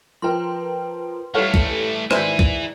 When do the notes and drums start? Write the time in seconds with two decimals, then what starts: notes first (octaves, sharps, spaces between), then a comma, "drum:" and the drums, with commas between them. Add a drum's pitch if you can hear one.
0.22 F3 A#4 B4 G5 C6
1.34 E3 G3 A3 A4 C#5 F5 F#5
1.54 drum: kick
2.11 G#2 D#3 E3 B4 C5 D5 E5 G#5, drum: rim click
2.39 drum: kick